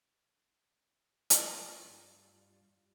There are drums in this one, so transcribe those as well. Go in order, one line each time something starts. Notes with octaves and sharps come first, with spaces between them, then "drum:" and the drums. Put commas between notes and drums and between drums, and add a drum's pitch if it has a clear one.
drum: hi-hat
G2 G3 F4